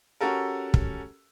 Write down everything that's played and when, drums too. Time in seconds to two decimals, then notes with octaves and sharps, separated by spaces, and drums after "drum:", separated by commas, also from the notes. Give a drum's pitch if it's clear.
0.21 C#4 F#4 G4 A4 A#4
0.74 drum: kick